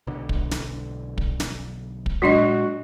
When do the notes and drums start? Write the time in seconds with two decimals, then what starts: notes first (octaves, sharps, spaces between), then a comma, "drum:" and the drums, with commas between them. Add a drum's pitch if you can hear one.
0.07 B1 D3
0.29 drum: kick
0.51 drum: snare
1.18 drum: kick
1.40 drum: snare
2.06 drum: kick
2.22 A#2 F#3 G#3 D4 F#4 D#5